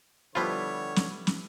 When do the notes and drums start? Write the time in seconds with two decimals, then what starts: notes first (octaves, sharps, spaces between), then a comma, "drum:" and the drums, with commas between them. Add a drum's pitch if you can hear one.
0.35 D3 F3 G3 B3 E4 F4 C#5
0.96 drum: snare
1.27 drum: snare